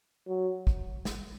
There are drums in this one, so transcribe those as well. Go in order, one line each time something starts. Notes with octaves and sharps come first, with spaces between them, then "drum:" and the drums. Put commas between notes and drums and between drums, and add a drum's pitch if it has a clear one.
F#3
drum: kick
drum: snare